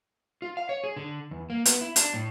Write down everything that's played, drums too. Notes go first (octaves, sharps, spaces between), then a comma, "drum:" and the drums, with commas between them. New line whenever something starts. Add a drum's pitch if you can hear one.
F4
F5
C#5
G#4
D3
E2
A#3
B3, drum: hi-hat
E4
D4, drum: hi-hat
A2